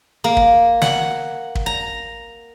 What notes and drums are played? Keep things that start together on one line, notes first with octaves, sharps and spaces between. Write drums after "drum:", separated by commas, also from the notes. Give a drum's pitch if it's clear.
A#3
drum: kick
F#5, drum: snare
drum: kick
A#5